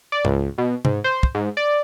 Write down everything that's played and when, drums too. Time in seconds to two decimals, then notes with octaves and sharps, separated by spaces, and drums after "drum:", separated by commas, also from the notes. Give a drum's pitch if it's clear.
0.12 D5
0.25 C#2, drum: tom G#2
0.58 B2
0.85 G#2, drum: tom
1.04 C5
1.23 drum: kick
1.35 G#2
1.57 D5